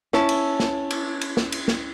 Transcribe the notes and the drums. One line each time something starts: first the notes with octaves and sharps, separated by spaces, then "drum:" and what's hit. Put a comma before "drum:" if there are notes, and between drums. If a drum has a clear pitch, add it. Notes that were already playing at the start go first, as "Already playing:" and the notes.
C#4 E4 A5, drum: snare
drum: cymbal
drum: snare
drum: cymbal
drum: cymbal
drum: snare
drum: cymbal
drum: snare